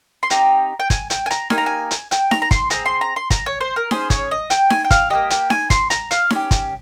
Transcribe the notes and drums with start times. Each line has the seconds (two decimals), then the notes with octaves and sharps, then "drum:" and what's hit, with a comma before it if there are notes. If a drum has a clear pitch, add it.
0.23 C6
0.30 C4 D#4 G4 A#5, drum: hi-hat
0.80 G5
0.90 G#5, drum: kick, hi-hat
1.10 G5, drum: hi-hat
1.26 G#5
1.31 A#5, drum: hi-hat
1.50 A#3 D#4 G4 G#5, drum: snare D#4
1.58 A#5
1.66 G#5
1.91 drum: hi-hat
2.11 G5, drum: hi-hat
2.31 A#5, drum: snare D#4
2.42 A#5
2.51 C6, drum: kick, hi-hat
2.70 C4 D#4 G#4 A#5, drum: hi-hat
2.86 C6
3.01 A#5
3.16 C6
3.30 A#5, drum: kick, hi-hat
3.46 C#5
3.61 C5
3.76 A#4
3.91 C#4 G#4 C5, drum: snare D#4
4.10 C#5, drum: kick, hi-hat
4.31 D#5
4.50 G5, drum: hi-hat
4.70 G#5, drum: snare D#4
4.85 G5
4.91 F5, drum: kick, hi-hat
5.10 A#3 D#4 G4 D#5
5.30 G5, drum: hi-hat
5.50 G#5, drum: snare D#4
5.70 C6, drum: kick, hi-hat
5.90 A#5, drum: hi-hat
6.11 F5, drum: hi-hat
6.30 C#4 G4, drum: snare D#4
6.51 drum: kick, hi-hat